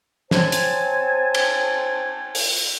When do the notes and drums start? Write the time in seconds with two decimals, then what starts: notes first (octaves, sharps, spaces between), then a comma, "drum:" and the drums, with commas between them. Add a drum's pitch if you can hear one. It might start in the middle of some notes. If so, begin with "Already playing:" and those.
0.31 C4 C5 C#5 G#5 A5, drum: snare
0.52 drum: hi-hat
1.35 drum: cymbal
2.35 drum: open hi-hat